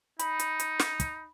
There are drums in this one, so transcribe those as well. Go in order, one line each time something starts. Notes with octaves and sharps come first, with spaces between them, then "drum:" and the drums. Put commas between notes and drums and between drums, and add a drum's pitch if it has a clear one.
D#4 B5, drum: hi-hat
drum: hi-hat
drum: hi-hat
drum: snare
drum: kick, hi-hat